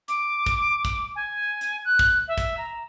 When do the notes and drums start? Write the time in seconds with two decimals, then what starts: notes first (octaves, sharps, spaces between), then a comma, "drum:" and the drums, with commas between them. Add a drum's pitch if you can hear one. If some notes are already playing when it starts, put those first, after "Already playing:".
0.08 D6, drum: hi-hat
0.46 drum: kick, hi-hat
0.85 drum: kick, hi-hat
1.15 G#5
1.61 drum: hi-hat
1.85 F#6
1.99 drum: kick, hi-hat
2.28 E5
2.38 drum: kick, hi-hat
2.57 A#5